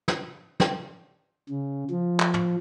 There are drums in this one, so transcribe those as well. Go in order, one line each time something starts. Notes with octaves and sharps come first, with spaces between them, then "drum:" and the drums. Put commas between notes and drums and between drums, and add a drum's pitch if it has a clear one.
drum: snare
drum: snare
C#3
F3
drum: clap
drum: tom